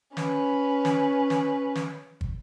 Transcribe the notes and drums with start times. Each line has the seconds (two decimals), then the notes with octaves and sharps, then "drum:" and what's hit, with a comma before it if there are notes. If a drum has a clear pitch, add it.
0.17 C#4 B4, drum: snare
0.85 drum: snare
1.30 drum: snare
1.75 drum: snare
2.21 drum: kick